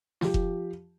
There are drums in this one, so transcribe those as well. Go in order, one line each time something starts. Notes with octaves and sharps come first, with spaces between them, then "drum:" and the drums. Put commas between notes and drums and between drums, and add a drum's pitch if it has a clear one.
F3 G4, drum: snare
drum: kick F1